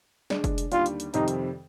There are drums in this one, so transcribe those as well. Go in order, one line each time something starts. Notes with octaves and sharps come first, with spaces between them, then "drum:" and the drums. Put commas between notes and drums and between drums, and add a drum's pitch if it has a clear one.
D3 G#3 D4, drum: snare
drum: kick, hi-hat
drum: hi-hat
D#2 D3 G3 D4 F4, drum: hi-hat
drum: hi-hat
drum: hi-hat
F2 C3 D#3 G3 C4 D#4, drum: hi-hat
drum: hi-hat